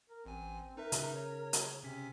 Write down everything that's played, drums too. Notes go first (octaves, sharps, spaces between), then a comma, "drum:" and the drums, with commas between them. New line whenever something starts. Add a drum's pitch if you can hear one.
A#4
A1 C4 G#5
D#4 A#4 B4 E5
C#3, drum: hi-hat
C#5
drum: hi-hat
C3 C4 C#4 B6